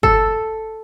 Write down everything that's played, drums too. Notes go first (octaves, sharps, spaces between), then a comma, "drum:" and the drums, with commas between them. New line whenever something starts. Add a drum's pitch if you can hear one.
A4, drum: kick